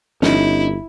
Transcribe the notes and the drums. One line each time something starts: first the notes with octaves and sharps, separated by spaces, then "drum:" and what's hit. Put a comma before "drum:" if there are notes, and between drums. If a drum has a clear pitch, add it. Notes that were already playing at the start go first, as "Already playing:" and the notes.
G1 C#4 D#4 E4, drum: snare